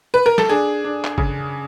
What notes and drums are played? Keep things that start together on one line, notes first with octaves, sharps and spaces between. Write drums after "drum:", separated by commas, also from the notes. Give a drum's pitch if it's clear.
B4
A#4
A4, drum: snare
D4 G#4
D4
drum: clap
C#3, drum: kick G1